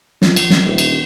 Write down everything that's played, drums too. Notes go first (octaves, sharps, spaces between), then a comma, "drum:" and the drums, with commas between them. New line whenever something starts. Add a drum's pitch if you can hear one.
F3, drum: snare
drum: cymbal
drum: snare
D#1
drum: cymbal